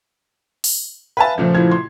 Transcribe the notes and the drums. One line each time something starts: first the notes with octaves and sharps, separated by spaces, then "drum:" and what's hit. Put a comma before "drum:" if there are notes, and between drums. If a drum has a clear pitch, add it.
drum: open hi-hat
B4 E5 F5 G#5 A5
C#2 A#2 F3 A3
E4 F4 G#6
C6